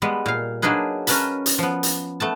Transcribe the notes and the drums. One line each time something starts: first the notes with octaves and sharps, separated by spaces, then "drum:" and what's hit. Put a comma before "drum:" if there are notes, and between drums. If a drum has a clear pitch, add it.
G3 G#3 B3 B4
A#2 F5
F#3 A#3 D4 D#4 G#4 B4
C#4 A#4 B4 A5 B5, drum: hi-hat
drum: hi-hat
F3 B3
drum: hi-hat
A3 B3 A5